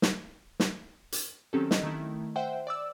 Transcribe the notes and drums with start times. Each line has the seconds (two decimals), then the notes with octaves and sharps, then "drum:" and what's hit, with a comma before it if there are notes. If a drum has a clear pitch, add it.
0.02 drum: snare
0.60 drum: snare
1.12 drum: hi-hat
1.53 D#3 F#3 C4 C#4 G4 A4
1.71 D#5, drum: snare
1.83 D#3 A3 E4
2.36 C5 E5 F#5 G5
2.67 D5 D6 E6